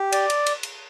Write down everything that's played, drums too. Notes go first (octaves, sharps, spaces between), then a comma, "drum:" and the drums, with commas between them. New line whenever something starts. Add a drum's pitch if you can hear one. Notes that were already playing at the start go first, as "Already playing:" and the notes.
Already playing: G4
D5, drum: cymbal
drum: cymbal
drum: cymbal
drum: cymbal